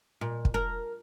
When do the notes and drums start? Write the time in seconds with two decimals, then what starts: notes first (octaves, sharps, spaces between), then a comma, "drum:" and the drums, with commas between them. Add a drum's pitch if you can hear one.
0.21 A#2
0.45 drum: kick
0.54 A#4